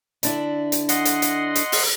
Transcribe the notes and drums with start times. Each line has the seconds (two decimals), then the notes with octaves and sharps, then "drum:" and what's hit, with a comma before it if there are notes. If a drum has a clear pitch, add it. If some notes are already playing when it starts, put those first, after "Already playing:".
0.23 D3 D4 E4, drum: hi-hat
0.72 drum: hi-hat
0.89 D#5 F#5 C6, drum: hi-hat
1.05 drum: hi-hat
1.22 drum: hi-hat
1.55 drum: hi-hat
1.72 drum: open hi-hat